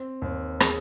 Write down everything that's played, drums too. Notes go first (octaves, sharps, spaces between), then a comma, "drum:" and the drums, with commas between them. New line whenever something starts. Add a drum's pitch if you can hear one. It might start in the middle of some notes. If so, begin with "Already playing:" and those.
Already playing: C4
D#2
G#4, drum: rim click